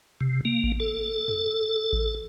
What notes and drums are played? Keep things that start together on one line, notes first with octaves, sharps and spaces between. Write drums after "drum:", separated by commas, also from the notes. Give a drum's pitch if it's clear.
C3
A#3
drum: kick A1
A4
drum: tom F2
drum: kick A1